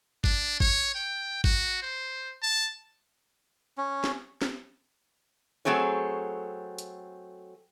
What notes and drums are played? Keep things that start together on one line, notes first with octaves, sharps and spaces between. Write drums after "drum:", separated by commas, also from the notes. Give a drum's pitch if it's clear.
D4, drum: kick
C#5, drum: kick
G5
F#4, drum: kick
C5
A5
C#4
drum: snare
drum: snare
F#3 A3 C4 G#4 C#5
drum: hi-hat